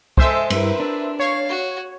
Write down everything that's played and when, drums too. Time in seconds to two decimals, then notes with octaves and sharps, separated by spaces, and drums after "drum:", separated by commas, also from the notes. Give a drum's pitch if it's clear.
0.17 G#3 A4 C5 E5 E6, drum: kick
0.50 G2 E4 A#4 B4, drum: cymbal
0.80 D4
1.20 C#5 F5
1.49 F#4